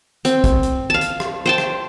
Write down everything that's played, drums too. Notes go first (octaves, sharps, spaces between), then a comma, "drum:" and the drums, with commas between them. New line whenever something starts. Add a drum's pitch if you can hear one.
C4, drum: hi-hat
drum: kick, hi-hat
drum: hi-hat
F5 A5
drum: hi-hat
drum: rim click
C5 G5 A5
drum: rim click